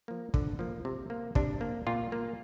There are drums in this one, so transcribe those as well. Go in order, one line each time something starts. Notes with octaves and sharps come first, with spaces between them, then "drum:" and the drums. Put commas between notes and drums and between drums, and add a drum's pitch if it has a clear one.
F3 A#3
D3, drum: kick
F3 A#3
C3
A#3
C3 D4, drum: kick
A#3
A#2 F4
A#3